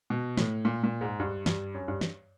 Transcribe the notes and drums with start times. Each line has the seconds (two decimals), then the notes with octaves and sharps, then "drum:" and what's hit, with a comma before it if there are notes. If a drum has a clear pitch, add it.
0.10 B2
0.37 A2, drum: snare
0.65 A#2
0.84 A#2
1.01 G#2
1.20 G2
1.46 G2, drum: snare
1.74 F#2
1.88 G2
2.01 drum: snare